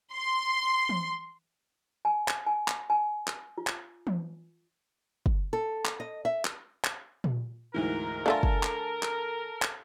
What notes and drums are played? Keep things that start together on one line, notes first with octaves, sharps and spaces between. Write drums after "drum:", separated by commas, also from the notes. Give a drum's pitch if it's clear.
C6
drum: tom E3
G#5
drum: clap
G#5
drum: clap
G#5
drum: clap
F4
drum: clap
drum: tom E3
drum: kick
A4
drum: clap
D#5
E5
drum: clap
drum: clap
drum: tom A#2
D2 G#2 E3 A#4
D3 A3 F4 A4 G#5 A5
drum: kick
drum: clap
drum: clap
drum: clap